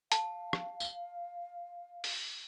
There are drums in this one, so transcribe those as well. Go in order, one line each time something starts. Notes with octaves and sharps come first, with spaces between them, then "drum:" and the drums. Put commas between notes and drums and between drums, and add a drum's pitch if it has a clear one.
F5 A5, drum: hi-hat
drum: rim click
drum: tambourine
drum: open hi-hat